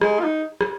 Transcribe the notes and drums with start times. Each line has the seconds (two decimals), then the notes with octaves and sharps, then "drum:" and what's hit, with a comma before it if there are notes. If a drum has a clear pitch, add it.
0.01 G#3, drum: rim click
0.20 F4
0.24 D#4
0.61 drum: rim click